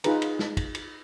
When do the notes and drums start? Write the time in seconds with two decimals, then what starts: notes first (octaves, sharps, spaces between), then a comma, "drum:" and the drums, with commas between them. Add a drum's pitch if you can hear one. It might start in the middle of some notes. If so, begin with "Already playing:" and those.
0.04 D#4 F4 G#4 B4 A#5, drum: cymbal
0.22 drum: cymbal
0.39 drum: snare
0.57 drum: kick, cymbal
0.75 drum: cymbal